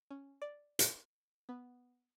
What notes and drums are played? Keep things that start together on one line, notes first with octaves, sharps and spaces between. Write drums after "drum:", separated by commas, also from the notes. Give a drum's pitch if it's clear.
C#4
D5
drum: hi-hat
B3